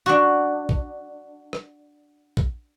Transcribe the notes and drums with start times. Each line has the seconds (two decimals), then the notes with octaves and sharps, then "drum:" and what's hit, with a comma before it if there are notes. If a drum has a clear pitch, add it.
0.06 D4 F#4
0.69 drum: kick A#1
1.53 drum: rim click
2.37 drum: kick A#1